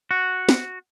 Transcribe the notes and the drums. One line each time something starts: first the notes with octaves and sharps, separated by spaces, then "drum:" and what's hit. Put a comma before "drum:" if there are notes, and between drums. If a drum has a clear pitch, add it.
F#4
drum: snare